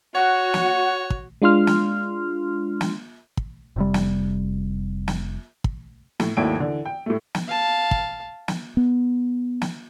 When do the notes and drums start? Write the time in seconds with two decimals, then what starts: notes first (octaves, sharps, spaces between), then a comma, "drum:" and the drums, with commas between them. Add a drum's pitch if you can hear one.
0.15 F#4 C#5 F#5
0.54 drum: snare
1.10 drum: kick
1.42 G#3 D4 F4 C6 F6
1.67 drum: snare
2.81 drum: snare
3.37 drum: kick
3.76 F1 C3 G3
3.94 drum: snare
5.08 drum: snare
5.64 drum: kick
6.20 A2, drum: snare
6.37 G#1 D#2 A3 E4 G5 D7
6.57 D3 E3
6.85 G5
7.06 A2 A3
7.35 drum: snare
7.48 F5 A5
7.91 drum: kick
8.48 drum: snare
8.77 B3
9.62 drum: snare